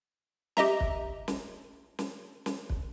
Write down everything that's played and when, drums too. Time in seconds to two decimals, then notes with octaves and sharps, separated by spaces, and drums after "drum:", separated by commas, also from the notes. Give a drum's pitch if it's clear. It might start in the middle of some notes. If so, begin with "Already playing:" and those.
0.57 G4 D#5 E5 A#5, drum: snare
0.80 drum: kick
1.28 drum: snare
1.99 drum: snare
2.46 drum: snare
2.70 drum: kick